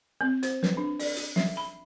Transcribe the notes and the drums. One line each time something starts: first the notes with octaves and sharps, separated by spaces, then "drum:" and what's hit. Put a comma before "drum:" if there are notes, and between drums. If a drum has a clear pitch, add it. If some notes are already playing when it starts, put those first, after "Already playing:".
C4
C5, drum: hi-hat
B4, drum: snare
D4
D5, drum: open hi-hat
drum: hi-hat
E5, drum: snare
B5